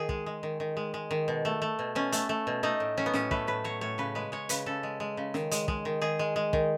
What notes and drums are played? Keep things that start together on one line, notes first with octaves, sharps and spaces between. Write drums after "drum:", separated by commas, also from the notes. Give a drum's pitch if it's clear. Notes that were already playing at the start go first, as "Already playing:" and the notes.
Already playing: D#3 G#4
G#3, drum: kick
G#3
D#3
D#3
G#3
G#3
D#3
B2
A3
A3
B2
B2 C#4
A3, drum: hi-hat
A3
B2
A3 D#4
A2
F#3 C#4
B3
A2 C#4, drum: snare
A3 B4, drum: kick
A2 B4
F#3 C#5
A2 C#5
C#3 B4
G#3 B4
G#3 C#5
C#3 B4, drum: hi-hat
C#3 A4
G#3
G#3
C#3
D#3, drum: snare
G#3, drum: hi-hat
G#3, drum: kick
D#3
D#3 G#4
G#3
G#3
D#3, drum: kick